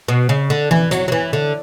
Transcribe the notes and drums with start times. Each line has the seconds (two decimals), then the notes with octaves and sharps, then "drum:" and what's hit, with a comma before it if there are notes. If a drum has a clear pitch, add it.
0.08 B2
0.29 C#3
0.50 D3
0.71 E3, drum: tom E3
0.91 F#3, drum: hi-hat
1.08 F#3
1.12 E3
1.33 D3